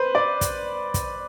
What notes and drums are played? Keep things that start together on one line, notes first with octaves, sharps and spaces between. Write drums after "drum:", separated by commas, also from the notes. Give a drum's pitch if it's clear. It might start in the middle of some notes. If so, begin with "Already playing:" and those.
Already playing: B4 C5
D5
drum: kick, hi-hat
drum: kick, hi-hat